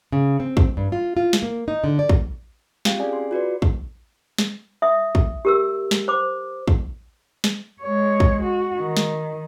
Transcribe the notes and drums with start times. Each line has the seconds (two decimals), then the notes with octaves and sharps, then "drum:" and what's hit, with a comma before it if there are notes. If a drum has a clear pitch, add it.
0.12 C#3
0.40 C4
0.57 drum: kick
0.77 G2
0.92 F4
1.17 F4
1.33 drum: snare
1.43 A#3
1.68 D#4
1.84 D3
1.99 D5
2.09 drum: kick
2.85 C4 F4 G4 F5 G5, drum: snare
2.98 C#4 G#4 D5 G#5
3.13 C6
3.31 F4 F#4 B4 D5
3.62 drum: kick
4.38 drum: snare
4.82 E5 D#6
5.15 drum: kick
5.45 G4 A#4 E6
5.91 drum: snare
6.08 C5 D6
6.68 drum: kick
7.44 drum: snare
7.82 G#3 C#5
8.20 drum: kick
8.43 F#4
8.79 D#3
8.97 drum: snare